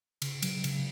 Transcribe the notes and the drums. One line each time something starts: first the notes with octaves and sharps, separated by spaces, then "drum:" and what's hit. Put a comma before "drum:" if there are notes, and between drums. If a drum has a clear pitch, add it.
C#3, drum: cymbal
F#3, drum: cymbal
C#3, drum: cymbal